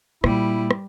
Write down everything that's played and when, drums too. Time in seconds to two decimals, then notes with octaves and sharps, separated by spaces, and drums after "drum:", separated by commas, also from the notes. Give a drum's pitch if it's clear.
0.24 A#2 G3 E4, drum: rim click
0.71 drum: rim click